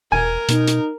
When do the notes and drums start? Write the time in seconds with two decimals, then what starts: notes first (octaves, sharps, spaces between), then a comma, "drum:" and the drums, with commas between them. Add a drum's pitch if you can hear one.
0.12 E1 A#4 G#5
0.49 B2 D#4, drum: hi-hat
0.68 drum: hi-hat